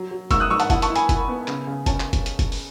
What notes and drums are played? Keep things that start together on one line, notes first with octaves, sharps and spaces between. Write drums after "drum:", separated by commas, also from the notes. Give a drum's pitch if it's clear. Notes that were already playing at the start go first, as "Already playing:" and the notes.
Already playing: F#3
F#3
G#2 C#6 E6, drum: kick F#1, hi-hat
D#6 F#6
G#2 C#6 E6
F#5 A5, drum: hi-hat
E4 F#5 A5, drum: kick F#1, hi-hat
A5 C#6, drum: hi-hat
E4
G#5 B5, drum: hi-hat
E4, drum: kick F#1, hi-hat
B3
C#3, drum: clap
C#3
C#4 A5, drum: kick F#1, hi-hat
drum: clap
drum: kick F#1, hi-hat
drum: hi-hat
drum: kick F#1, hi-hat
drum: open hi-hat